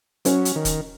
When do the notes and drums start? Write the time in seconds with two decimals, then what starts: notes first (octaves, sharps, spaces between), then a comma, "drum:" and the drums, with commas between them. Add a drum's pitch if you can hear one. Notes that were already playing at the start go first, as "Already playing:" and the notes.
0.25 F#3 C#4, drum: hi-hat
0.45 drum: hi-hat
0.55 D#3
0.65 drum: kick, hi-hat